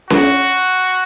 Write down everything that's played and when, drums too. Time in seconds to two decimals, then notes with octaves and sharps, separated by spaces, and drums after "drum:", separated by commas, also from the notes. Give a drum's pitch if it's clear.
0.10 F#4, drum: snare C#4